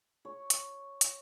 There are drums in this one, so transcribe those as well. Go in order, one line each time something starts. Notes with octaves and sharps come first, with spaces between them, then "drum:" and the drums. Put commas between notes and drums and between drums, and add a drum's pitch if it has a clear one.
C#5
drum: hi-hat
drum: hi-hat